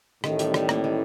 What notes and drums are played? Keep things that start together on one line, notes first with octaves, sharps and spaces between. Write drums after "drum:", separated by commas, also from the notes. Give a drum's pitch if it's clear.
A1 A2 D#3, drum: rim click
G3, drum: hi-hat
G3, drum: rim click
A#3, drum: rim click
D#3